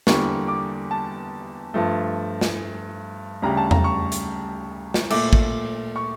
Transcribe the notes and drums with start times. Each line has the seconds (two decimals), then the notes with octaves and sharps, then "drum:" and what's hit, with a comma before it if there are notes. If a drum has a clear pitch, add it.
0.07 E2 D3 G3 A#3 C#6, drum: snare
0.48 D6
0.91 A5
1.74 G2 F3 A3
2.41 drum: snare
3.42 D2 C#3 G3 A#5
3.57 A5
3.71 A#5, drum: tom E2
3.84 C#6
4.12 drum: hi-hat
4.94 drum: snare
5.10 A#2 A3 D6, drum: cymbal
5.33 drum: kick A1
5.96 C#6